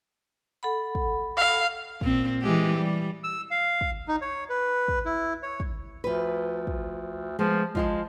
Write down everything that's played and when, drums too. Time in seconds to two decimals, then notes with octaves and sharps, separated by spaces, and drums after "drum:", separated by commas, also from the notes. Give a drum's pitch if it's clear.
0.63 A4 F#5 B5
0.95 drum: kick
1.37 F5
2.01 A#2 C4, drum: kick
2.42 E3 G#3 G4
2.78 G3
3.24 E6
3.51 F5
3.81 drum: kick
4.08 D#4
4.21 C#5
4.49 B4
4.88 drum: kick
5.06 E4
5.43 C#5
5.60 drum: kick
6.04 D2 F3 B4
6.67 drum: kick
7.39 F3 G#3 B3
7.75 F3 G#3 F4 A5, drum: kick